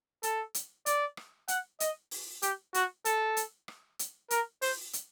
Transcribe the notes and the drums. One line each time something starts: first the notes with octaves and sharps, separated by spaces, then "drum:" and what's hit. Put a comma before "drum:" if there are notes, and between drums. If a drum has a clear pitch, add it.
A4, drum: hi-hat
drum: hi-hat
D5, drum: hi-hat
drum: rim click
F#5, drum: hi-hat
D#5, drum: hi-hat
drum: open hi-hat
G4, drum: hi-hat
F#4, drum: hi-hat
A4, drum: hi-hat
drum: hi-hat
drum: rim click
drum: hi-hat
A#4, drum: hi-hat
C5, drum: open hi-hat
drum: hi-hat